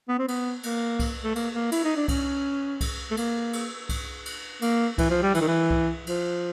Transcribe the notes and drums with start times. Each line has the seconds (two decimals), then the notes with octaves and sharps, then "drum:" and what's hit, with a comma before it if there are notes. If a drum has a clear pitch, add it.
0.09 B3
0.19 C4
0.28 B3, drum: cymbal
0.63 A#3, drum: cymbal
1.00 drum: kick C2, cymbal
1.24 A3
1.35 A#3, drum: cymbal
1.54 A#3
1.72 E4, drum: cymbal
1.84 D#4
1.96 D4
2.08 C#4, drum: kick C2, cymbal
2.81 drum: kick C2, cymbal
3.11 A3
3.17 A#3, drum: cymbal
3.53 drum: cymbal
3.89 drum: kick C2, cymbal
4.26 drum: cymbal
4.62 A#3, drum: cymbal
4.98 E3, drum: kick C2, cymbal
5.10 F3
5.22 G3
5.35 E3, drum: cymbal
5.41 D#3
5.48 E3
5.71 drum: kick C2
6.07 F3, drum: cymbal